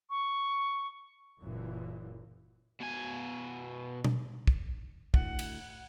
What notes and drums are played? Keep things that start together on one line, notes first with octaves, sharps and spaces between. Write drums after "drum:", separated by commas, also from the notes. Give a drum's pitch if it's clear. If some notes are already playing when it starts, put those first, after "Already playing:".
C#6
F#1 F#2 A#2 E3
B2 G#5
drum: tom B2
drum: kick
D2 A2 F#5, drum: kick
drum: cymbal